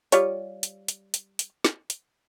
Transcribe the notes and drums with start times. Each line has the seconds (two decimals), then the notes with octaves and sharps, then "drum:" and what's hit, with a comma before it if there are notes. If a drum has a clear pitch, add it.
0.12 G3 F4 C#5, drum: hi-hat
0.63 drum: hi-hat
0.88 drum: hi-hat
1.14 drum: hi-hat
1.39 drum: hi-hat
1.65 drum: snare
1.90 drum: hi-hat